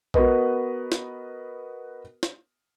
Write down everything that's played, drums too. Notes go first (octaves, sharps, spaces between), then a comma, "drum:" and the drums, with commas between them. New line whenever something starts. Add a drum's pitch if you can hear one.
B3 F#4 A#4 B4 D#5, drum: kick A#1
drum: snare
drum: snare